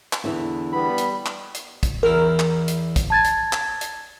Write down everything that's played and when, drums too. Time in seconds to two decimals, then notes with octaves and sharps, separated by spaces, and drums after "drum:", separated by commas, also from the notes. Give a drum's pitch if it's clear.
0.13 drum: clap
0.24 E2 D3 E3
0.73 G3 B3 B5
0.98 drum: hi-hat
1.26 drum: clap
1.54 drum: hi-hat
1.83 drum: kick, hi-hat
2.03 E2 E4 A#4 F6
2.39 drum: clap
2.68 drum: hi-hat
2.96 drum: kick, hi-hat
3.10 A5 G#6 A6
3.24 drum: hi-hat
3.53 drum: clap
3.81 drum: hi-hat